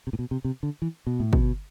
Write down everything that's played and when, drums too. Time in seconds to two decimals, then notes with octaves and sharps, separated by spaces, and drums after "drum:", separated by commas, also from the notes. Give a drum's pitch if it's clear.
0.07 C3
0.13 A2
0.19 B2
0.31 C3
0.45 C3
0.63 D3
0.82 E3
1.07 B2
1.20 A2
1.33 B2, drum: kick